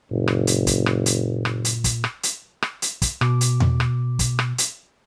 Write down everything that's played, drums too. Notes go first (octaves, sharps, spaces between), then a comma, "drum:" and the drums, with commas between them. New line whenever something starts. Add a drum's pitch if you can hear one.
F#1 A#2
drum: rim click
drum: hi-hat
drum: kick, hi-hat
drum: rim click
drum: hi-hat
drum: rim click
drum: hi-hat
drum: kick, hi-hat
drum: rim click
drum: hi-hat
drum: rim click
drum: hi-hat
drum: kick, hi-hat
B2 D6, drum: rim click
drum: hi-hat
drum: tom E2
drum: rim click
drum: kick, hi-hat
drum: rim click
drum: hi-hat